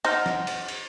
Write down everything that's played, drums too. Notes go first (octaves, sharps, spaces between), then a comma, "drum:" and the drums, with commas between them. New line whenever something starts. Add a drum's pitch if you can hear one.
D#4 C5 F#5 F6 A#6, drum: cymbal
drum: snare
drum: cymbal
drum: cymbal